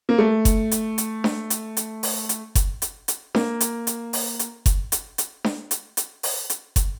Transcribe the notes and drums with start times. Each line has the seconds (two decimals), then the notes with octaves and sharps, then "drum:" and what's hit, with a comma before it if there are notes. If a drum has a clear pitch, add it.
0.09 A#3
0.18 A3
0.45 drum: kick F#1, hi-hat
0.71 drum: hi-hat
0.98 drum: hi-hat
1.24 drum: snare D4
1.50 drum: hi-hat
1.77 drum: hi-hat
2.03 drum: open hi-hat
2.29 drum: hi-hat
2.55 drum: kick F#1, hi-hat
2.82 drum: hi-hat
3.08 drum: hi-hat
3.35 A#3, drum: snare D4
3.61 drum: hi-hat
3.87 drum: hi-hat
4.13 drum: open hi-hat
4.39 drum: hi-hat
4.66 drum: kick F#1, hi-hat
4.92 drum: hi-hat
5.18 drum: hi-hat
5.44 drum: snare D4
5.71 drum: hi-hat
5.97 drum: hi-hat
6.23 drum: open hi-hat
6.50 drum: hi-hat
6.76 drum: kick F#1, hi-hat